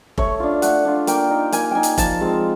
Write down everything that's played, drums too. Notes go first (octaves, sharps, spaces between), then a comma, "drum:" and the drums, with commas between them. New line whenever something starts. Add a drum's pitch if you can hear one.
A3 C#5, drum: kick F1
D4 F4
A3 F#5, drum: hi-hat
D4 F4
A#3 G5, drum: hi-hat
D#4
A#3 G#5, drum: hi-hat
D#4 G5 G#5
drum: hi-hat
F3 A5, drum: kick F1, hi-hat
G#3 C4 F4